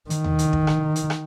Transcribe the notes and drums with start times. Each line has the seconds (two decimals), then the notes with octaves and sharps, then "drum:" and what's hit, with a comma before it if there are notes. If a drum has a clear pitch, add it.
0.10 D#3, drum: hi-hat
0.24 drum: tom D#2
0.39 drum: hi-hat
0.53 drum: kick
0.67 drum: rim click
0.96 drum: hi-hat
1.10 drum: rim click